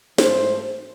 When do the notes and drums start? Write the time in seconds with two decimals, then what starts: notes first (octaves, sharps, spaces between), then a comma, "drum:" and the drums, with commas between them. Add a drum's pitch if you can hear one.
0.18 G#2 E3 A3 C5, drum: snare